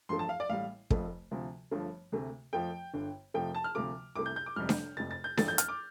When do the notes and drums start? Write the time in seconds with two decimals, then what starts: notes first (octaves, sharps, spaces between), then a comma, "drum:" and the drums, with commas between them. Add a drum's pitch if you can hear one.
0.09 A1 G2 F3 A3 C6
0.19 A5
0.29 F5
0.40 D5
0.50 A1 A2 G3 F5
0.90 F1 F2 F3 A3, drum: kick
1.31 D2 C3 F3
1.71 G1 G2 F3 A3
2.12 D2 C3 A3
2.53 F2 F3 A3 G5
2.93 G1 G2 D3
3.34 F2 C3 F3 A3 G5
3.55 A5
3.64 F6
3.75 D2 C3 F3 A3 D6
4.15 C2 C3 A3 D6
4.26 G6
4.36 G6
4.46 D6
4.56 F1 F2 C3 G3 F6
4.69 drum: snare D4
4.97 F1 F2 C3 A6
5.11 A6
5.24 G6
5.37 A1 G2 F3 A3 A6, drum: snare D4
5.48 G6
5.58 F6, drum: hi-hat
5.69 D6